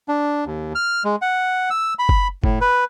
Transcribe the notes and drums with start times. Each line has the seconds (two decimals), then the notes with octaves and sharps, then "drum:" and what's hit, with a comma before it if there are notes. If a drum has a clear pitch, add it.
0.08 D4
0.46 D#2
0.75 F6
1.05 G#3
1.22 F#5
1.70 E6
1.99 B5
2.09 drum: kick F#1
2.44 A2, drum: kick F#1
2.61 B4